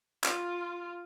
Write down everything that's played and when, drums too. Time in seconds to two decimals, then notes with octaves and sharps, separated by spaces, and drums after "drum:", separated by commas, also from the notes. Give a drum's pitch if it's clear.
0.24 F4, drum: clap